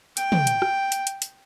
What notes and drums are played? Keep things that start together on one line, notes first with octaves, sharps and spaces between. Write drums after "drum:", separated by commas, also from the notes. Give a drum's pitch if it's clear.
G5, drum: hi-hat
drum: tom
drum: hi-hat
drum: rim click
drum: hi-hat
drum: hi-hat
drum: hi-hat